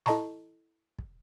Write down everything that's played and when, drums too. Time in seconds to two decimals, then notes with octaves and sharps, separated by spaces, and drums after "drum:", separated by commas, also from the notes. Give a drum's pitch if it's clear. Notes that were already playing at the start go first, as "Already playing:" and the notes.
0.06 E4 A4 D#5 A5 A#5 C#6, drum: snare
0.99 drum: kick